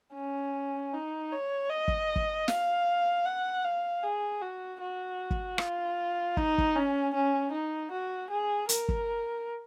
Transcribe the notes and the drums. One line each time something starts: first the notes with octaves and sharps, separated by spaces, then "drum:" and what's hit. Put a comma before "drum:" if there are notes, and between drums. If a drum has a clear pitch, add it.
C#4
D#4
C#5
D#5
drum: kick
drum: kick
F5, drum: snare
F#5
F5
G#4
F#4
F#4
drum: kick
F4, drum: rim click
D#4, drum: kick
drum: kick
C#4
C#4
D#4
F#4
G#4
A#4, drum: hi-hat
drum: kick